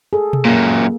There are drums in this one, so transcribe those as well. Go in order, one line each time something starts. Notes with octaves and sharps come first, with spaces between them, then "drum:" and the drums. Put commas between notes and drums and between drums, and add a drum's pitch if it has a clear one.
G#4 A4
drum: tom B2
F#2 A#2 A#3